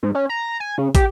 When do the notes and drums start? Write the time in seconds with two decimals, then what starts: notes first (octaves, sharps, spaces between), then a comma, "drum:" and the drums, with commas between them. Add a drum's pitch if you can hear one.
0.03 G#2
0.15 C#4
0.29 A#5
0.60 G#5
0.78 C#3
0.95 G4, drum: kick, hi-hat